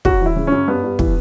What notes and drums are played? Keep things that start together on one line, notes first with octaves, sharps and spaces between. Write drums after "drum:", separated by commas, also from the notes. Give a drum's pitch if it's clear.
F#2 F#4, drum: kick
E3 E4
C#3
F#2 C#4
G2 B3
G2
E3, drum: kick